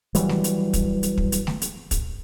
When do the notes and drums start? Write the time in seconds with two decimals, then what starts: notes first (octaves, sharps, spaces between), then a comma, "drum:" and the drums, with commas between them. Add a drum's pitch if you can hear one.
0.15 E3 F#3 G3, drum: hi-hat
0.29 drum: snare A3
0.44 drum: hi-hat
0.73 drum: kick, hi-hat
1.03 drum: hi-hat
1.18 drum: kick
1.32 drum: hi-hat
1.47 drum: snare A3
1.62 drum: hi-hat
1.91 drum: kick, hi-hat